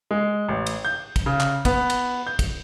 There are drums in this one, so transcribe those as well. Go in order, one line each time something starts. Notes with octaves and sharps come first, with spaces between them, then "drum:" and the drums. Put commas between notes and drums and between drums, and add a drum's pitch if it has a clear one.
G#3
A1
drum: cymbal
G6
drum: kick, cymbal
C#3
drum: clap
B3, drum: kick, cymbal
drum: cymbal
G6
drum: kick, cymbal